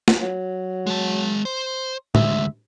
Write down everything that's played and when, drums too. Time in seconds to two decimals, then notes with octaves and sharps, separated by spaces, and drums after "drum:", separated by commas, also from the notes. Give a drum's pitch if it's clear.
0.08 drum: snare
0.22 F#3
0.87 G#3 A5
1.45 C5
2.15 D2 G#3 E5, drum: tom